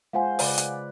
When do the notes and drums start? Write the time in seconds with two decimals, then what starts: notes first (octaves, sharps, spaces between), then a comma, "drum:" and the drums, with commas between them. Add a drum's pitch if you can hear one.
0.13 G#3 F4 C5 F5 F#5 G#5
0.39 C#3 B4 D5, drum: open hi-hat
0.58 drum: hi-hat